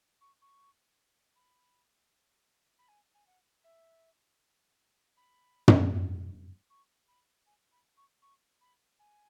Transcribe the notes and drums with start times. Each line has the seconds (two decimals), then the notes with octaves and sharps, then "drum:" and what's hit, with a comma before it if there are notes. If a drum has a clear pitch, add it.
0.21 C#6
0.41 C#6
1.35 B5
2.78 B5
2.88 G#5
3.14 G#5
3.27 F#5
3.64 E5
5.17 B5
5.68 drum: tom
6.70 C#6
7.08 B5
7.46 G#5
7.72 B5
7.97 C#6
8.22 C#6
8.61 B5
8.99 G#5